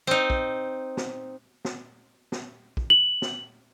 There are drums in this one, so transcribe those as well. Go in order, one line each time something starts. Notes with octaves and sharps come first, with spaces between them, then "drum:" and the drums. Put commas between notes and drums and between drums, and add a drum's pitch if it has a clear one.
C4 D#4
drum: kick
drum: snare
drum: snare
drum: snare
drum: kick
F#7
drum: snare